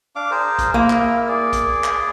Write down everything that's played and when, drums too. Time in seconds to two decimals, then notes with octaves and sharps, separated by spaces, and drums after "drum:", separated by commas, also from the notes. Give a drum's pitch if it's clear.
0.16 D4 F5 D6
0.31 G#4 A#4 C5
0.59 drum: kick A#1, hi-hat
0.74 A#3 E4
0.90 drum: clap
1.29 G#4 D5
1.53 drum: kick A#1, hi-hat
1.84 drum: clap